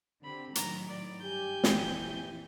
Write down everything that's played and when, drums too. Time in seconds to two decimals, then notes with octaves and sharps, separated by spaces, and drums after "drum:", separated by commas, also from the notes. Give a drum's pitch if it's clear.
0.24 D3 C4 G4 B5
0.55 A2 D#3 F#3 A#5, drum: hi-hat
0.89 D5
1.23 G2 G4 G#5 G6
1.64 F2 A#2 E3, drum: snare